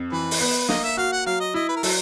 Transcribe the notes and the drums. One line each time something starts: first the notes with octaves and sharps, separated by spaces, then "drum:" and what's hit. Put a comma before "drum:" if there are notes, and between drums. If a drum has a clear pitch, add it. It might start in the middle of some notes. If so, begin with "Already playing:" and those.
Already playing: F2
E3 B4
drum: open hi-hat
B3 B4
A#3 D#5, drum: snare
E5
F#4 F5
F#5
F#3 F5
D#5
E4 D#5
B4
A#4
F#3 A4, drum: open hi-hat